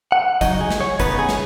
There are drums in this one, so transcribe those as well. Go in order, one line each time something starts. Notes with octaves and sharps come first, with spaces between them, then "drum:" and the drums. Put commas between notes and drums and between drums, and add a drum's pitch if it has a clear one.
F#5
C#2 C#3 F#3 D#4 D#5, drum: kick, hi-hat
G#4
drum: snare
C#5
D#2 C#3 B3 D#4 B4, drum: kick, hi-hat
G#4
drum: snare